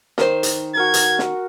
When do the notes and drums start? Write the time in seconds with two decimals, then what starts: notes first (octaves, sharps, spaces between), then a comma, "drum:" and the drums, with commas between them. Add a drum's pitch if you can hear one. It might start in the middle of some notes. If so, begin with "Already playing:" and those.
0.18 D#3 C5, drum: snare
0.43 drum: hi-hat
0.75 F#4 A#4 A#5 G#6
0.94 drum: hi-hat
1.19 drum: snare